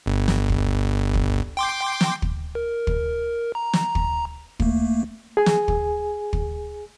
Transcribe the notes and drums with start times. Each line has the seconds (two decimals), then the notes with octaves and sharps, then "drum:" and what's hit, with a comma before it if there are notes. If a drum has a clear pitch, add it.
0.06 G1
0.28 drum: snare
0.49 drum: kick
1.14 drum: kick
1.57 G5 C6 D6
2.01 drum: snare
2.22 drum: kick
2.55 A#4
2.87 drum: kick
3.55 A#5
3.73 drum: snare
3.95 drum: kick
4.60 A3 A#3, drum: kick
5.37 G#4 G#5
5.46 drum: snare
5.68 drum: kick
6.33 drum: kick